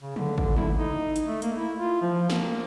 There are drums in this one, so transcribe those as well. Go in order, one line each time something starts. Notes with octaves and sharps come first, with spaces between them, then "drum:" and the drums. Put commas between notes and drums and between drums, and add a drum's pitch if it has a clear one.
C#3
D3, drum: tom
D3, drum: kick
E4, drum: tom
D#4
drum: hi-hat
A3
A#3, drum: hi-hat
E4
F4
F3
A#3, drum: snare G#3